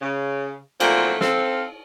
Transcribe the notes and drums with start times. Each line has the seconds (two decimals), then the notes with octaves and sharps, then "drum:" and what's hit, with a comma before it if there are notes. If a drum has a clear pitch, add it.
0.02 C#3
0.80 A#2 F3 F#3 A3 A#3 C4, drum: cymbal
1.21 C4 A4 F5, drum: snare